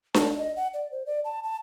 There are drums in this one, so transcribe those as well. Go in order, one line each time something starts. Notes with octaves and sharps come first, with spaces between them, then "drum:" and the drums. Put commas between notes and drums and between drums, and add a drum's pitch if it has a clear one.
A5, drum: snare D4
D#5
F#5
D5
C5
D5
A5
A5